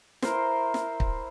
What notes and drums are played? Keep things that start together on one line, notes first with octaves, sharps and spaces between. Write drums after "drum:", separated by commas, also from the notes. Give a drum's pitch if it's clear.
E4 A#4 C5, drum: snare
drum: snare
drum: kick